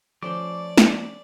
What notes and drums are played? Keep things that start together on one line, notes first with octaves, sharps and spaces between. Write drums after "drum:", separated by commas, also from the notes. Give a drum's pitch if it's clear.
F3 A3 C#4 C5 D5 D6
drum: snare